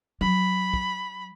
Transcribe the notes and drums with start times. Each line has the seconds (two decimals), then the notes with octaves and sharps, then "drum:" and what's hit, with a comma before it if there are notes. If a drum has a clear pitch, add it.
0.21 F#3 B5, drum: tom
0.74 drum: kick